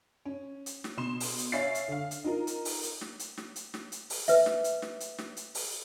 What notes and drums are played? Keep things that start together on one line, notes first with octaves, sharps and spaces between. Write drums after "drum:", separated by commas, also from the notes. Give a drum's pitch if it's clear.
C#4
drum: hi-hat
drum: snare
B2 C6 E7
drum: open hi-hat
drum: hi-hat
C#5 E5 F5 G#5 A6 C7
drum: hi-hat
D3 F5
drum: hi-hat
D#4 F4 A#4
drum: hi-hat
drum: open hi-hat
drum: hi-hat
drum: snare
drum: hi-hat
drum: snare
drum: hi-hat
drum: snare
drum: hi-hat
drum: open hi-hat
B4 E5, drum: hi-hat
drum: snare
drum: hi-hat
drum: snare
drum: hi-hat
drum: snare
drum: hi-hat
drum: open hi-hat